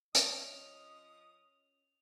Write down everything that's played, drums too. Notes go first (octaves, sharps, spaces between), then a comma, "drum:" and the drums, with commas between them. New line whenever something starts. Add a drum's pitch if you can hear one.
F3 C#4 D#5 D#6 F7, drum: hi-hat